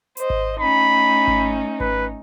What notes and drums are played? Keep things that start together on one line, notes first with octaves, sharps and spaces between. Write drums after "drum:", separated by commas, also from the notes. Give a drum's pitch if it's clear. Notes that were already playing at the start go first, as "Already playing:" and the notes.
C5 D#5, drum: hi-hat
drum: kick G#1
A3 C#4 D#4 B5
drum: kick G#1
B4, drum: kick G#1